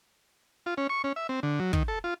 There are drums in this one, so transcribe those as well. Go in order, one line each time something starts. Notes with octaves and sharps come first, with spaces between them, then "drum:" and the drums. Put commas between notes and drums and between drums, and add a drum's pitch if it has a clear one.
F4
C#4
C#6
C#4
E5
C4
D3
F#3
D#3, drum: kick
A4
F4